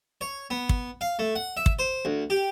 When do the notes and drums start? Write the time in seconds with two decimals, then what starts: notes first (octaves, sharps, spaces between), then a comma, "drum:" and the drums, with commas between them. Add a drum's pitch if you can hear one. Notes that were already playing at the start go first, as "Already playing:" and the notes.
0.21 C#5
0.50 B3
0.69 drum: kick
1.01 F5
1.19 A3
1.36 F#5
1.57 E5
1.66 drum: kick
1.79 C5
2.05 D2
2.30 G4